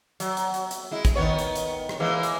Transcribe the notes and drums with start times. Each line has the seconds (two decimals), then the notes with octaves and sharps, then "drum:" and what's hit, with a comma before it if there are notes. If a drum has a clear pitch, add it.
0.20 F#3, drum: hi-hat
0.37 drum: hi-hat
0.54 drum: hi-hat
0.71 drum: hi-hat
0.91 G#3 E4
1.05 drum: kick, hi-hat
1.16 D#3 B3 C#5
1.39 drum: hi-hat
1.55 drum: hi-hat
1.89 drum: rim click
2.00 E3 G#3 A#3
2.23 drum: hi-hat